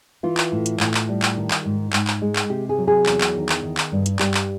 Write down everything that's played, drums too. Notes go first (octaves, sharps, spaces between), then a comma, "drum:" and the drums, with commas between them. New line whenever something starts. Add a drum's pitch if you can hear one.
E3 F4
drum: clap
A2
drum: hi-hat
A2, drum: clap
drum: clap
G3
drum: clap
D#3
drum: clap
G#2
G#2, drum: clap
drum: clap
G#3
drum: clap
C3 G4
G#4
F#3
G#4
E2, drum: clap
drum: clap
D#3
drum: clap
D#3
drum: clap
G2
drum: hi-hat
G2 G4, drum: clap
drum: clap